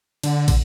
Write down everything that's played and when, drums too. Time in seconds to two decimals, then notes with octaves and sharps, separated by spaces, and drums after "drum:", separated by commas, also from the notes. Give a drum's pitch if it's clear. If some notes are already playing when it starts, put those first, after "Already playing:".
0.23 D3, drum: cymbal
0.48 drum: kick, cymbal